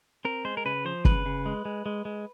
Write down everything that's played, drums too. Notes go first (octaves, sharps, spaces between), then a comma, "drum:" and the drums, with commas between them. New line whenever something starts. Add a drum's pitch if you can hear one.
C4 A#4
G#3 C5
A#4
C#3 B4
F3 C5
C#3 B4, drum: kick
C#3
G#3
G#3
G#3
G#3